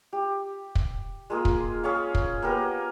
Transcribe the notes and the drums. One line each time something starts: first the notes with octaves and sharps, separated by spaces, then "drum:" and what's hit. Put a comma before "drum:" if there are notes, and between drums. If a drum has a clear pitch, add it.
G4
drum: kick
G#3 A#3 F4 G#4
drum: kick
C#4 G#4 C#5 F5
drum: kick
A#3 B3 G4 A#4